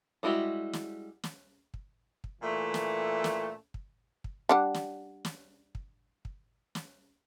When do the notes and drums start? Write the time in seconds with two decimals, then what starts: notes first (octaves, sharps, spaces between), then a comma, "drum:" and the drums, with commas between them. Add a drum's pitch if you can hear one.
0.23 G3 G#3 E4 F#4 G4
0.73 drum: snare
1.24 drum: snare
1.74 drum: kick
2.24 drum: kick
2.42 A#2 E3 A3
2.74 drum: snare
3.24 drum: snare
3.74 drum: kick
4.24 drum: kick
4.49 G3 D4 F#5
4.74 drum: snare
5.25 drum: snare
5.75 drum: kick
6.25 drum: kick
6.75 drum: snare